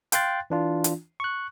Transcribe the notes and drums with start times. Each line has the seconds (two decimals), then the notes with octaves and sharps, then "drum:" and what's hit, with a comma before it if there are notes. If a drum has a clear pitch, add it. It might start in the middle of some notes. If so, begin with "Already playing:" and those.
0.12 F5 G5 C6 F#6 A6, drum: hi-hat
0.50 E3 D4 F4
0.84 drum: hi-hat
1.20 C#6 F#6